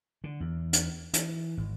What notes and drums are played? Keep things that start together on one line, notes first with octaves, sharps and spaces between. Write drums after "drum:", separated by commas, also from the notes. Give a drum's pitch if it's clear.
D3
E2
drum: hi-hat
E3, drum: hi-hat
G#1